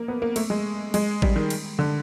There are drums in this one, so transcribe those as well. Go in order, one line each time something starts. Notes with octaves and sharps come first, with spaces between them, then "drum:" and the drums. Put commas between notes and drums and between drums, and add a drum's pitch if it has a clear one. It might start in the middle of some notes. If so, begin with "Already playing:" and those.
Already playing: A#3
B3
A#3
A3, drum: cymbal
G#3
G#3, drum: cymbal
G3, drum: kick A1
D#3
drum: cymbal
D3